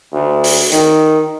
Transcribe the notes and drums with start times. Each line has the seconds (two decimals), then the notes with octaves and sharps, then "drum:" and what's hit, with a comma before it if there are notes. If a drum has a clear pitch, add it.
0.13 D2
0.44 drum: open hi-hat
0.72 D#3, drum: hi-hat